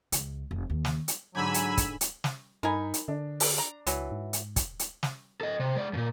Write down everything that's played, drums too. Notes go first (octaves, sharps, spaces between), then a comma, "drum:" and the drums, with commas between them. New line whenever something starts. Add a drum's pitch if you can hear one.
C#2, drum: hi-hat
F1
D#2
drum: snare
drum: hi-hat
G#2 D3 F#3 G4 G#5 B5 E6
drum: hi-hat
drum: kick, hi-hat
drum: hi-hat
drum: snare
G2 D#4 A#4 G#5 B5
drum: hi-hat
D3 D4
drum: open hi-hat
A#5
C#2 E3 F#3, drum: hi-hat
G#2
drum: hi-hat
drum: kick, hi-hat
drum: hi-hat
drum: snare
A4 D#5
C3
G#3 D5
D#2 A#2